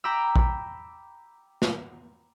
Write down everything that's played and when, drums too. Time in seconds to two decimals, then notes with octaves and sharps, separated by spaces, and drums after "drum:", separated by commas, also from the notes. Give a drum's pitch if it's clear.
0.04 G5 A#5 B5 D6 E6
0.36 drum: kick A#1
1.62 drum: snare